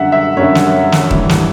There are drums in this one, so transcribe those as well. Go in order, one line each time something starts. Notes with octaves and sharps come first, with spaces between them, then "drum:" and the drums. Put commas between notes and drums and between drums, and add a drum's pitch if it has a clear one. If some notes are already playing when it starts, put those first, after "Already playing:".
Already playing: F#2 D3 G3 E5 F#5
E5
F#2 D3 G3 C#5
drum: snare
drum: snare
G2 E3 G3, drum: kick D#1
drum: snare